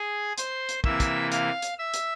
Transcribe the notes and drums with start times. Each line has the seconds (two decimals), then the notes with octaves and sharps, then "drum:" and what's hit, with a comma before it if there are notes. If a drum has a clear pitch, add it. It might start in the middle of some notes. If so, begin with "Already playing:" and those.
Already playing: G#4 G#5
0.38 C5 C6, drum: hi-hat
0.69 drum: hi-hat
0.84 C3 E3 A#3 E5 E6, drum: kick
1.00 drum: kick, hi-hat
1.32 F5 F6, drum: hi-hat
1.62 drum: hi-hat
1.78 E5 E6
1.94 drum: hi-hat